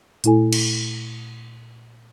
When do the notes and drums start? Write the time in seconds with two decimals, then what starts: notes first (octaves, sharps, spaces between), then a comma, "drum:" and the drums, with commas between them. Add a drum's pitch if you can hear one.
0.24 A#2 A3 E4 A4 G#5, drum: hi-hat
0.53 drum: cymbal